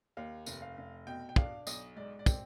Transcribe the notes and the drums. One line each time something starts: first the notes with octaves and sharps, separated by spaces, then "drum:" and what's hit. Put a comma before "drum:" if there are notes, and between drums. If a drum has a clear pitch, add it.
D#2 F5
F1, drum: tambourine
F5
F1
B2 G5
G5
D4 F5, drum: kick
B1 D#5, drum: tambourine
G#2 D5
D5
C4, drum: kick, tambourine